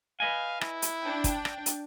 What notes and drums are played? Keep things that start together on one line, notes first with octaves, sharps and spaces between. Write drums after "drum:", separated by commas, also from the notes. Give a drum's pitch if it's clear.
B4 D#5 F5 G#5
E4, drum: rim click
drum: hi-hat
D4 G5
drum: kick, hi-hat
drum: rim click
drum: hi-hat